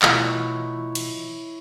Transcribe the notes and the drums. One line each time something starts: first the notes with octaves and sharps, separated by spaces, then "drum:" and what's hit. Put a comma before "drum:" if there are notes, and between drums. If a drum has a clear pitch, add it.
B2 E3 F#3 A3 E4 F4 C#5 D#5, drum: clap
drum: cymbal